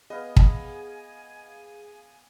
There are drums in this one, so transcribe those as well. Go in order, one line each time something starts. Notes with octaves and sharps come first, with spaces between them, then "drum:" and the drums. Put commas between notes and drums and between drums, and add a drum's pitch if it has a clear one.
B3 G#4 D#5 F5 G#5
drum: kick